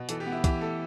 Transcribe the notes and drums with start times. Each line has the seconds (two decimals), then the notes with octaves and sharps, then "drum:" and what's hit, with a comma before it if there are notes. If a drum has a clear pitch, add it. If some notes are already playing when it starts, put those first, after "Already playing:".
Already playing: B2
0.09 E3 A4, drum: hi-hat
0.20 G4
0.27 B3
0.32 E4
0.44 E3 G4, drum: kick, hi-hat
0.61 A3 A4